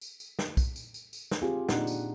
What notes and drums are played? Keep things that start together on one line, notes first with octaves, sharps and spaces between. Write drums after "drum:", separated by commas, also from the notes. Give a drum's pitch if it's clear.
drum: tambourine
drum: tambourine
drum: snare
drum: kick, tambourine
drum: tambourine
drum: tambourine
drum: tambourine
drum: snare
C4 F4 G4 G#4
A#2 D4 D#4 F#5, drum: snare
drum: tambourine